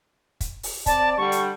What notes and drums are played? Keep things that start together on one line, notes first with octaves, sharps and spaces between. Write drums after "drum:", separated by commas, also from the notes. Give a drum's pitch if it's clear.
drum: kick, hi-hat
drum: open hi-hat
C4 D5 A5, drum: kick, hi-hat
D3 G3 C#6
drum: hi-hat